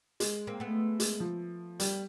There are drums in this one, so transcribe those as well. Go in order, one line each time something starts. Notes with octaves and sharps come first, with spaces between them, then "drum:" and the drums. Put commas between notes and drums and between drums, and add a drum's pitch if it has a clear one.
G#3, drum: hi-hat
A#3 C4
A3 B3
G#3, drum: hi-hat
F3
G3, drum: hi-hat